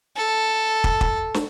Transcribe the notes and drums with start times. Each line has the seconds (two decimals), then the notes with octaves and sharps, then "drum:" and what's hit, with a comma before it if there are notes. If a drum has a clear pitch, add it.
0.17 A4
0.84 drum: kick
1.01 drum: kick
1.34 drum: snare